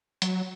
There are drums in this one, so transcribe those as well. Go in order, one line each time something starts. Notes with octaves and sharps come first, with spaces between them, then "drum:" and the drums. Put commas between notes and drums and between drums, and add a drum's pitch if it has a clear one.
F#3, drum: hi-hat